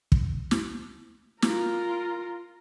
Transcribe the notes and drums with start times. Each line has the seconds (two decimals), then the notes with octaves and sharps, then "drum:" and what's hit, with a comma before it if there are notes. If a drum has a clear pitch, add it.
0.12 drum: kick
0.51 drum: snare
1.42 F4 A#4, drum: snare